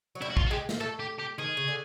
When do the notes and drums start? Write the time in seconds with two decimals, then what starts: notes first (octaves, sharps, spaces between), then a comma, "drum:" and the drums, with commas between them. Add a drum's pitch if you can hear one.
0.15 F#3
0.21 G3 E4
0.30 F#4
0.37 F4, drum: kick
0.47 F#4
0.51 G#3 G4
0.69 A#3, drum: snare
0.80 A3 A4
1.00 G4
1.19 G4
1.38 D#3 G#4
1.57 C#3
1.68 D3